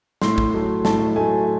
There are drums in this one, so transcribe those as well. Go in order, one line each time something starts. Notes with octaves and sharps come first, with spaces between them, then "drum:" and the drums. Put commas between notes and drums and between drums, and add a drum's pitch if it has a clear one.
A2 C6, drum: snare
drum: kick
F#3 A3
A2 A5, drum: snare
F#3 A3 G#5